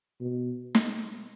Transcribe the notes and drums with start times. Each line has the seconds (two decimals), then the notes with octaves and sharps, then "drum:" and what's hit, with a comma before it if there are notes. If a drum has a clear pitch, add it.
0.21 B2
0.75 drum: snare